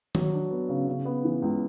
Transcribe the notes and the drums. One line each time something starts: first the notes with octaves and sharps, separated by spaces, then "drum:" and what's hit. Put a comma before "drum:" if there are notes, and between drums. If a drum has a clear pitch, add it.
F#3, drum: tom D#3
D4
B3
C#3
C#3
B3
E3
C#2